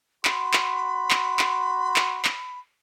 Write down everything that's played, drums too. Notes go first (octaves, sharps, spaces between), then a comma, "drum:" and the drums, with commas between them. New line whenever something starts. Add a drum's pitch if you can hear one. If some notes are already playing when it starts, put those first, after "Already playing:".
F#4 B5 C6, drum: clap
drum: clap
drum: clap
drum: clap
drum: clap
drum: clap